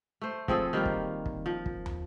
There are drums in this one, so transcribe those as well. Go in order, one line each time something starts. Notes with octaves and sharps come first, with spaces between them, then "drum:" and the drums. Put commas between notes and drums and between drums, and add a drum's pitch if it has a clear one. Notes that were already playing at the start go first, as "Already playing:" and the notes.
A3 C5
F3 C4 G#4 A4, drum: kick
D#3 G3 A#3 F4
drum: kick
drum: kick
F3
drum: kick
drum: tom